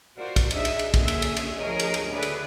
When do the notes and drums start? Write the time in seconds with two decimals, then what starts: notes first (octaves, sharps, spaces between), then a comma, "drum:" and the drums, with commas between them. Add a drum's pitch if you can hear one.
0.17 F4 F#4 A#4 C5 D5
0.36 drum: kick, cymbal
0.51 D4 D#4 G#4 D#5 E5, drum: cymbal
0.65 drum: cymbal
0.79 drum: cymbal
0.94 D3 A#3 C#4 G#4 E5, drum: kick, cymbal
1.08 drum: cymbal
1.22 drum: cymbal
1.37 drum: cymbal
1.58 D2 F3 G#4 A#4 C#5 D#5
1.80 drum: cymbal
1.94 drum: cymbal
2.11 D3 E4 G#4 B4 D5
2.23 drum: cymbal